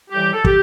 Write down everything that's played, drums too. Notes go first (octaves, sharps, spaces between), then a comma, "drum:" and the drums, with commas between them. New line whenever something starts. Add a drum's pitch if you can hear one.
A2 E3 G3 G4
A4
G4, drum: kick